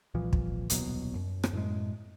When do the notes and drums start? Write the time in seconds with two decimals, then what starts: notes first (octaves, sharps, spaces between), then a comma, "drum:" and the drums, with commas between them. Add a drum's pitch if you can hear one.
0.14 C2 A#2 E3 F3
0.33 drum: kick
0.70 D#1 C2 B2 F#3, drum: hi-hat
1.15 F#2
1.44 drum: rim click
1.53 F#2 A2 G#3